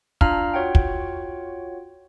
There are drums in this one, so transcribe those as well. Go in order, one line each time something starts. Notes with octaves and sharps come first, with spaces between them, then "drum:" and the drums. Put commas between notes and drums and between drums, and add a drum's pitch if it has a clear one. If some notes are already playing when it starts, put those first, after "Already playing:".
D4 F4 F5 A5 A#5 F6, drum: kick
F4 F#4 C#5 F#5 G5
drum: kick